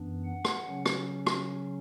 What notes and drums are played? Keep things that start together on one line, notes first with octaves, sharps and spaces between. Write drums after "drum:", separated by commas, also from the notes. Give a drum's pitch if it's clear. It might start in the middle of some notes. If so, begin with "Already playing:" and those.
Already playing: F#2 E3 B3 D4
F#5
drum: rim click
C#3 F#3 C#4
drum: rim click
drum: rim click